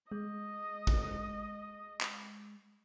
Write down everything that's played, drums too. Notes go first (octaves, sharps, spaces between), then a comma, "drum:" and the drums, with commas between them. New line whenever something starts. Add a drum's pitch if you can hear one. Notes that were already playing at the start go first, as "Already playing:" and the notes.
G#3 D#5
drum: kick A1
drum: clap